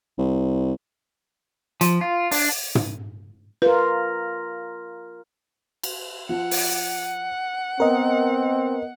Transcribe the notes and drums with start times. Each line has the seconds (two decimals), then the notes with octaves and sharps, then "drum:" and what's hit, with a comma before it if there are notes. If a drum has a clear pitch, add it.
0.18 C2
1.81 F3, drum: hi-hat
2.01 F4
2.31 D4, drum: open hi-hat
2.75 drum: tom
3.62 F4 A#4 B4
5.84 drum: cymbal
6.29 F3 F#5
6.51 drum: open hi-hat
7.80 B3 C4 A#4 D#5